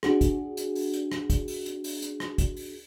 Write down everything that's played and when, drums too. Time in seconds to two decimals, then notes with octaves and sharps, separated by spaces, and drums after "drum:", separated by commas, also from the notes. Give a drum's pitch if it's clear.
0.03 D4 F#4 G#4, drum: rim click
0.21 drum: kick, hi-hat
0.57 drum: hi-hat
0.75 drum: open hi-hat
0.93 drum: hi-hat
1.12 drum: rim click
1.30 drum: kick, hi-hat
1.48 drum: open hi-hat
1.66 drum: hi-hat
1.84 drum: open hi-hat
2.02 drum: hi-hat
2.20 drum: rim click
2.38 drum: kick, hi-hat
2.56 drum: open hi-hat